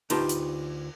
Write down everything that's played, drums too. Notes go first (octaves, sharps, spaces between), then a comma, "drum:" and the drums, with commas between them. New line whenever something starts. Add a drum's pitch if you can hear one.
D2 D#4 F4 G4 B4 A5, drum: cymbal
drum: hi-hat